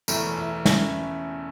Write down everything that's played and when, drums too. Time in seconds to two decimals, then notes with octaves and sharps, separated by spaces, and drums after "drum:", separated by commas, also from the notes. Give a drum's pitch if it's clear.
0.08 E1 E2 E3 A3, drum: tambourine
0.37 E4
0.65 C#4, drum: snare